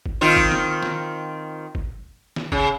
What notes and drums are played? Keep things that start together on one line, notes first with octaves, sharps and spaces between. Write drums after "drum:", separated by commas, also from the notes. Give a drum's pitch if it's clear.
drum: kick
D#3 C4 F4
drum: kick
drum: snare
drum: snare
drum: kick
drum: snare
C#3, drum: kick